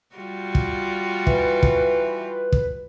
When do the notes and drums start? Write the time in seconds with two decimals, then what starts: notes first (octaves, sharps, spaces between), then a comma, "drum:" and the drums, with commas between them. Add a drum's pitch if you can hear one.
0.16 G3 F4 F#4
0.55 drum: kick
1.27 E3 B4, drum: kick
1.63 drum: kick
2.52 drum: kick